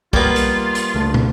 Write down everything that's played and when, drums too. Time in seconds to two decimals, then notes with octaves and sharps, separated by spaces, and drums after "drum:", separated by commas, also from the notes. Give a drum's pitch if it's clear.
0.13 G3 A#3 B3 F4, drum: kick
0.36 drum: hi-hat
0.75 drum: hi-hat
0.95 C#2 A3
1.14 drum: tom